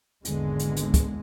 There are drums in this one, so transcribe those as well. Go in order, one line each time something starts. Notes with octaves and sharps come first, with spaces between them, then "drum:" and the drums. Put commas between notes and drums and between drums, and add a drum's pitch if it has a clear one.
G#1 E2 A#2 D3 G#3, drum: hi-hat
drum: hi-hat
drum: hi-hat
drum: kick, hi-hat